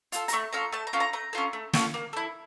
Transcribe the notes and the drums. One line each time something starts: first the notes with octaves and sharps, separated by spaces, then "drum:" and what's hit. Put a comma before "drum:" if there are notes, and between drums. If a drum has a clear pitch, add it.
F4 A4, drum: hi-hat
A#5, drum: hi-hat
A3 C#6
C#4 F4 A4 A#5
A3 A5
A#5
C#4 F4 A4
A#5
A3 A#5
C#4 F4 A4
A3
C#4 F4 A4, drum: snare
A#3
E4 A4